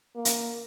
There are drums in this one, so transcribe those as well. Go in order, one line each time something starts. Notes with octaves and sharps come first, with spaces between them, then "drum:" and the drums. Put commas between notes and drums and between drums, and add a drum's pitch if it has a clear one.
A#3
drum: hi-hat